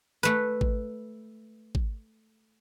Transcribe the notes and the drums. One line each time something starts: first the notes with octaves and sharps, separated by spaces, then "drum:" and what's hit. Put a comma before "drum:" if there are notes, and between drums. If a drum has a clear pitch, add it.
A3 B4
drum: kick G#1
drum: kick G#1